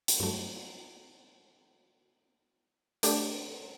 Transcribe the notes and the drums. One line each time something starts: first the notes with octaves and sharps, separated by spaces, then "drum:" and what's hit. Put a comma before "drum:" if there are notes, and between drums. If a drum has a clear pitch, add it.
drum: hi-hat
G2 F#3 A3
A3 D4 G4 D5, drum: hi-hat